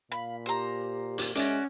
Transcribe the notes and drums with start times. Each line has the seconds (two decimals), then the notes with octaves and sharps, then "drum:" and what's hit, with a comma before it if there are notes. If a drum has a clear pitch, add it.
0.12 A#2 F5 B5
0.46 G4 C5 A#5
1.18 drum: hi-hat
1.35 G#3 C#4 F#4 D5 E5, drum: hi-hat